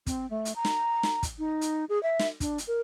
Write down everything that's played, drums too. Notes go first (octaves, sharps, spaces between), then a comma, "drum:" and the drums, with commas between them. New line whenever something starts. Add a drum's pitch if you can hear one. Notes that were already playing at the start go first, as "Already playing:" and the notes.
C4, drum: kick, hi-hat
A3
drum: hi-hat
A#5
drum: snare
drum: snare
drum: kick, hi-hat
D#4
drum: hi-hat
G#4
E5
drum: snare
D4, drum: kick, hi-hat
drum: hi-hat
A#4